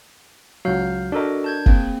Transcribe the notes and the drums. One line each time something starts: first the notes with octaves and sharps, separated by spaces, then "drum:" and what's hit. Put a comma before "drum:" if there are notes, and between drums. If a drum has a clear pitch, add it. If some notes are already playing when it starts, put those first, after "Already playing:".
C#2 F#3 F5 F6 G6
D4 F#4 A4 A#4 D#5
A5 G6 G#6
A#3 C4 G#4, drum: kick